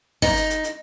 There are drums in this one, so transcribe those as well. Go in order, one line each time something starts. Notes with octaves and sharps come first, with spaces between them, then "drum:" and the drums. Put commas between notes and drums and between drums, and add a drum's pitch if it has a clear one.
D#4, drum: kick, open hi-hat
drum: hi-hat
drum: hi-hat
drum: hi-hat